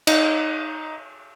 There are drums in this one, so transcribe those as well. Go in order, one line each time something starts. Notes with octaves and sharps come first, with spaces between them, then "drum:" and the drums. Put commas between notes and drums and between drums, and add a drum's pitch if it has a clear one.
D#4, drum: cymbal